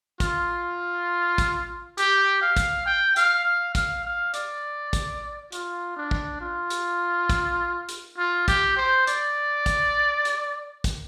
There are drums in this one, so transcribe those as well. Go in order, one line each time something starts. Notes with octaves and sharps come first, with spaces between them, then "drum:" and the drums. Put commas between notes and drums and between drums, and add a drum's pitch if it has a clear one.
F4, drum: kick, hi-hat
drum: kick, hi-hat
G4, drum: hi-hat
F5
drum: kick, hi-hat
G5
F5, drum: hi-hat
F5
F5, drum: kick, hi-hat
F5
D5, drum: hi-hat
drum: kick, hi-hat
F4, drum: hi-hat
D4
drum: kick
F4
drum: hi-hat
drum: kick, hi-hat
drum: hi-hat
F4
G4, drum: kick, hi-hat
C5
D5, drum: hi-hat
drum: kick, hi-hat
drum: hi-hat
drum: kick, hi-hat